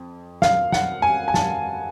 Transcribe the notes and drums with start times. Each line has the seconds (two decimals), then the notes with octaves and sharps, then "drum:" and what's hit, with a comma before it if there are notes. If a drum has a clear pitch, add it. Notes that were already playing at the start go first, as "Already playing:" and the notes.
Already playing: F2
0.42 F5, drum: snare
0.72 F#5, drum: snare
1.02 G#5
1.28 G#5
1.34 A5, drum: snare